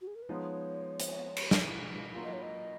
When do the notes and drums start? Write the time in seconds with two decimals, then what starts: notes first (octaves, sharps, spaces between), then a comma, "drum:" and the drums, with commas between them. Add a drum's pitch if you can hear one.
0.01 F#4
0.07 G#4
0.15 A#4
0.22 B4
0.29 F3 G#3 B3 D#4 C#5
1.00 drum: hi-hat
1.36 drum: cymbal
1.51 drum: snare
2.14 F#3 A#3 F4
2.23 D#5
2.33 C#5
2.42 D#5